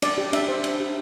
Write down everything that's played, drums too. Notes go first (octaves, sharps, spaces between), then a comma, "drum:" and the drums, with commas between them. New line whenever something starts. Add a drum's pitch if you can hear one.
D4 D5, drum: cymbal
G4
D4 E5, drum: cymbal
C5
D4, drum: cymbal
G4